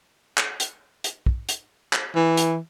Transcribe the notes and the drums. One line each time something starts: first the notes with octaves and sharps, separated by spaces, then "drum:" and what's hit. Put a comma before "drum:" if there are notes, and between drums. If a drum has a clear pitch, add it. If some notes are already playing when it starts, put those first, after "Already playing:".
drum: clap
drum: hi-hat
drum: hi-hat
drum: kick
drum: hi-hat
drum: clap
E3
drum: hi-hat